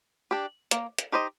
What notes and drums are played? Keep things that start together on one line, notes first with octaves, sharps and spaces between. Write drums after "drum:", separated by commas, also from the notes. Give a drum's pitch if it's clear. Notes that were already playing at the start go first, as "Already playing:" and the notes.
D4 G4
A#3, drum: hi-hat
drum: hi-hat
D#4 G4 C5 D#5